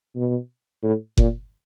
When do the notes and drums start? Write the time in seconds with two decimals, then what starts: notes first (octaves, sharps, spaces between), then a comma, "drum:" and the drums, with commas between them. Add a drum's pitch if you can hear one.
0.15 B2
0.83 A2
1.17 A#2, drum: kick F#1